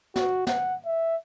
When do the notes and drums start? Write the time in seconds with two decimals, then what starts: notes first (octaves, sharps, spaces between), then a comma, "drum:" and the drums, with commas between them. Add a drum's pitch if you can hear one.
0.16 F#4, drum: snare
0.47 F#5, drum: snare
0.85 E5